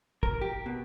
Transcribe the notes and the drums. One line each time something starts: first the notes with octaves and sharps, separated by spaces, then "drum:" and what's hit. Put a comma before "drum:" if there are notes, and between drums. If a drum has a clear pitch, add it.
A#4, drum: kick
G4
B2